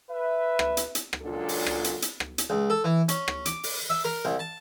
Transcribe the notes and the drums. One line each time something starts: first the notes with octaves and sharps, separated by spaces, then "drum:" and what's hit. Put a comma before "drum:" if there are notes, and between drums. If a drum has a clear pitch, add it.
B4 E5
drum: rim click
drum: hi-hat
drum: hi-hat
drum: rim click
C#2 A#2 F#3 D4 F4 A4
drum: open hi-hat
drum: rim click
drum: hi-hat
drum: hi-hat
drum: rim click
drum: hi-hat
C#2
A4
E3
C#4, drum: hi-hat
drum: rim click
D6, drum: hi-hat
drum: open hi-hat
E5
A#4
C2
A5